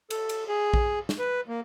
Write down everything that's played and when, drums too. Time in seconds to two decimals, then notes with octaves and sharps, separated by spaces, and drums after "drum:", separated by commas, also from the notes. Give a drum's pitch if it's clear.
0.10 A4, drum: cymbal
0.29 drum: cymbal
0.48 G#4
0.74 drum: kick A#1
1.09 drum: snare
1.19 B4
1.48 A#3